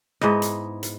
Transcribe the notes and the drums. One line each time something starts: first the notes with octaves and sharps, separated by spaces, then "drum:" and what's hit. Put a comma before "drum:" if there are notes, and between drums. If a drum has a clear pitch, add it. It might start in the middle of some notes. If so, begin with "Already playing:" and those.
G#2 B3 E4 D#5, drum: rim click
drum: hi-hat
drum: hi-hat